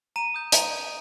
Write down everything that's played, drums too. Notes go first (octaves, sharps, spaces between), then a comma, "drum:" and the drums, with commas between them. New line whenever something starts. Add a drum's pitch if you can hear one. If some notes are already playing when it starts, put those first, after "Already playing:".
A#5 D#7
D#6 G6
A#5 D7, drum: hi-hat
D#6 G6